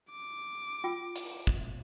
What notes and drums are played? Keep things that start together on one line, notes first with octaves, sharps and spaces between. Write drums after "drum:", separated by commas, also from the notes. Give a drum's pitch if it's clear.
D6
F4 G5
drum: hi-hat
drum: kick